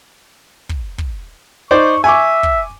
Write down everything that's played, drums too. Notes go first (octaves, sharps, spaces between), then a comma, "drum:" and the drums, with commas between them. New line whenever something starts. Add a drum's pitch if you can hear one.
drum: kick
drum: kick
D#4 C5 D5 C#6
E5 G#5 C#6 D6
drum: kick